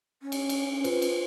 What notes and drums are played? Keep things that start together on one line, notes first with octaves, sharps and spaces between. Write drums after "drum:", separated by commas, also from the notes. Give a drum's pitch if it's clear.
C#4
drum: cymbal
drum: cymbal
F4 B4 C5, drum: cymbal
drum: cymbal